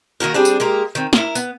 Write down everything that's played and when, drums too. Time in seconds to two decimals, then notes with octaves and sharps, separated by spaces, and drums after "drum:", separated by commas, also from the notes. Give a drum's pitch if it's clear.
0.20 D#3 A#3 F#4 A#4
0.34 G3 C4 D4 G#4
0.45 drum: tambourine
0.60 G#3 A#3 G4 A#4
0.95 D#3 C4
1.13 E4 A#4, drum: snare
1.35 B3, drum: tambourine